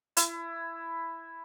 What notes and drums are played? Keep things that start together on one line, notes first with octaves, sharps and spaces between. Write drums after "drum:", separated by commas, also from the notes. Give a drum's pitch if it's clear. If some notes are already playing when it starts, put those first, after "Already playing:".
E4, drum: hi-hat